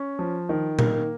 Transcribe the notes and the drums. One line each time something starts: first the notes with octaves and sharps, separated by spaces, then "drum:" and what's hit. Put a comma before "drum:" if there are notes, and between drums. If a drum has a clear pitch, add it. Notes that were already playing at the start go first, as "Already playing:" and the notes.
Already playing: C#4
F3
D#3
A#3, drum: tom A#2